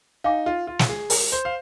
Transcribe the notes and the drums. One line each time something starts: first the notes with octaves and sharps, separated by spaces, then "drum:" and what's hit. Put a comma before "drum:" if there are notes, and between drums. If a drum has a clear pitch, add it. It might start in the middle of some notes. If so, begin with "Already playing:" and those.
D#4 F5 G#5 D6
F4
F4
drum: snare
G#4
A#4, drum: open hi-hat
C5
F5